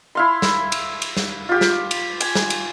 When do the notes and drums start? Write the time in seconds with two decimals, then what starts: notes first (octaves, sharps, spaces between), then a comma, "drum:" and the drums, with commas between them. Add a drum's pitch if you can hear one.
0.15 E4 F5 C6
0.42 drum: snare
0.72 drum: cymbal
1.02 drum: cymbal
1.17 drum: snare
1.49 F4 G4
1.61 drum: snare
1.91 drum: cymbal
2.21 G#5, drum: cymbal
2.35 drum: snare
2.50 drum: cymbal